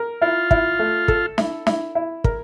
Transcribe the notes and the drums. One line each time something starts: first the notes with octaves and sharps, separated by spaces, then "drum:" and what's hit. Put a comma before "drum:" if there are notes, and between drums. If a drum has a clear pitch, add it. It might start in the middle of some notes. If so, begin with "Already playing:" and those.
Already playing: A#4
E4 F4
E4, drum: kick
A3
A4, drum: kick
E4, drum: snare
E4, drum: snare
E4
A#4, drum: kick